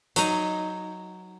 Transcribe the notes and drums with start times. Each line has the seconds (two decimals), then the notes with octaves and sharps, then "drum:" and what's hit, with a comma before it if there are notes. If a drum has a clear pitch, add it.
0.16 F#3 D#4, drum: hi-hat